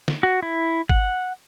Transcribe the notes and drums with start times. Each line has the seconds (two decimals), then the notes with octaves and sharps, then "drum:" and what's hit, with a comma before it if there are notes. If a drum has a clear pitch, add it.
0.08 drum: snare
0.23 F#4
0.43 E4
0.89 F#5, drum: kick